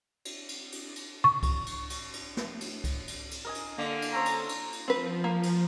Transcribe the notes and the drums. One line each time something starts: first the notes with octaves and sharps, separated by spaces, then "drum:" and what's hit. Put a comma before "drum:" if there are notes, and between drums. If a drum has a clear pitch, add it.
drum: cymbal
drum: cymbal
drum: cymbal
drum: cymbal
C#6
drum: kick C2, cymbal
drum: cymbal
drum: cymbal
drum: cymbal
drum: snare
drum: cymbal
drum: kick C2, cymbal
drum: cymbal
drum: cymbal
A#4 D#5 G#5
drum: cymbal
D3 A#3
drum: cymbal
C#4 A4 C5 A#5
drum: cymbal
drum: cymbal
drum: cymbal
F3 C4 B4
A#3
drum: cymbal